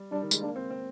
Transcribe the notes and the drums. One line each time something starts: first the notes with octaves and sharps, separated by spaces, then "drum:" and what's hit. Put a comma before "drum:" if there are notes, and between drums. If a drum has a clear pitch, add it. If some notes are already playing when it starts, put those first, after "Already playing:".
Already playing: G3
G3 D4
D#3
G#3, drum: tambourine
A#3 D4
C4
C4